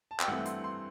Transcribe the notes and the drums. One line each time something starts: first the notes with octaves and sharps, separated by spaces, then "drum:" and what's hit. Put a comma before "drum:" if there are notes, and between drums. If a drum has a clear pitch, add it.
A5
G5, drum: clap
G2 E3 A3 C4 F#5
C6, drum: hi-hat
C6